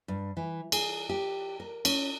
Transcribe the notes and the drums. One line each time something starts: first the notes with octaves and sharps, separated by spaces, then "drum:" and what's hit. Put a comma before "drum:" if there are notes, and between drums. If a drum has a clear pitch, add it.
G2
E3
G#4, drum: cymbal
G4
A#4
C#4, drum: cymbal